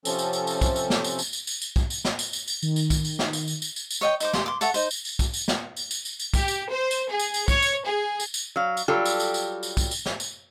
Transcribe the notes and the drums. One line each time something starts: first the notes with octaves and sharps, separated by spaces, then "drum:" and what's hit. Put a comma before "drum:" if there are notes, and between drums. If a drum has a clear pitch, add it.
C3 F3 C4 C#4 A4, drum: tambourine
drum: tambourine
drum: tambourine
drum: tambourine
drum: kick, tambourine
drum: tambourine
drum: snare
drum: tambourine
drum: tambourine
drum: tambourine
drum: tambourine
drum: tambourine
drum: kick, tambourine
drum: tambourine
drum: snare
drum: tambourine
drum: tambourine
drum: tambourine
D#3, drum: tambourine
drum: tambourine
drum: kick, tambourine
drum: tambourine
drum: snare
drum: tambourine
drum: tambourine
drum: tambourine
drum: tambourine
drum: tambourine
C#5 D#5 G5
D#4 C5 D6, drum: tambourine
G4 C6, drum: snare
C6 D6
A4 C#5 E5 F#5, drum: tambourine
D#4 C5, drum: tambourine
drum: tambourine
drum: tambourine
drum: kick, tambourine
drum: tambourine
drum: snare
drum: tambourine
drum: tambourine
drum: tambourine
drum: tambourine
G4, drum: kick, tambourine
drum: tambourine
C5
drum: tambourine
G#4
drum: tambourine
drum: tambourine
C#5, drum: kick, tambourine
drum: tambourine
G#4
drum: tambourine
drum: tambourine
F#3 F5
drum: tambourine
F#3 G3 F4 G4 A4
drum: tambourine
drum: tambourine
drum: tambourine
drum: tambourine
drum: kick, tambourine
drum: tambourine
drum: snare
drum: tambourine